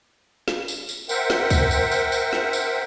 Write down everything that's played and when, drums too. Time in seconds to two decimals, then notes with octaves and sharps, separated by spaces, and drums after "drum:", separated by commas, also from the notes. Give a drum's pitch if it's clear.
0.48 drum: snare
0.68 drum: tambourine
0.89 drum: tambourine
1.09 A#4 C5 E5 F#5 G5, drum: tambourine
1.30 drum: snare
1.50 drum: kick C2, tambourine
1.71 drum: tambourine
1.92 drum: tambourine
2.12 drum: tambourine
2.33 drum: snare
2.53 drum: tambourine